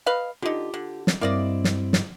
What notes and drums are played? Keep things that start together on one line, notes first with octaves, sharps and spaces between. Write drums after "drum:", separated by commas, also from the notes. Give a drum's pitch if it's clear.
B4 D#5 F5
D3 D#4 F4 G4
D3
drum: snare
G2 A#3 C4 E4 D5 D#5
drum: snare
drum: snare